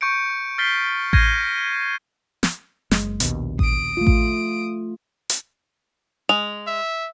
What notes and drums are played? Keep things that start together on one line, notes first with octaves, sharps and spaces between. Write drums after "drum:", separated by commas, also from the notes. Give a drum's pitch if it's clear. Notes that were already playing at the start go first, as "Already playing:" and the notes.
C#6 G6 C#7 D7
F6 G6 A6 B6 C7 G7
F6 G6 G#6 A#6 C7 D#7, drum: kick A1
drum: snare
F#1 G#3, drum: snare
A#1 D#2 B2, drum: hi-hat
D#6 D7, drum: kick A1
A3 F4
drum: kick A1
drum: hi-hat
G#3 F7
E5